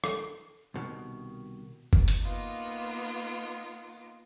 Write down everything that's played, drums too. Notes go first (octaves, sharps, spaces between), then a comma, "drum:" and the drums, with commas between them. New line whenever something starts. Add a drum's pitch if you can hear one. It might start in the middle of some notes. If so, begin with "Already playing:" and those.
A4, drum: rim click
C2 B2 D3 D#3
drum: kick F#1
drum: hi-hat
A#3 B3 D#4 F4